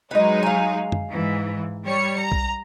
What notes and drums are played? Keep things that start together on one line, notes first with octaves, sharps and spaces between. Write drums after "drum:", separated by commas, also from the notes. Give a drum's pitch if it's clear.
F#3 G#3 D#4 B4 D#5
F5 G#5
drum: tom F#2
G#2 E3
G3 C#5 C#7
A#5
drum: kick B1